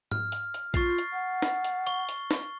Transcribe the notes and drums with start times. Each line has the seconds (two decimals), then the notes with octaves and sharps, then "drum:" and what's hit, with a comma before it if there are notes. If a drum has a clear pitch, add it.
0.11 F6, drum: tom G#2
0.32 drum: hi-hat
0.54 drum: hi-hat
0.74 F4 C#6 A6 C7, drum: kick A#1, hi-hat
0.98 drum: hi-hat
1.13 F#5
1.42 drum: snare
1.64 drum: hi-hat
1.87 C#6 G7, drum: hi-hat
2.09 drum: hi-hat
2.31 drum: snare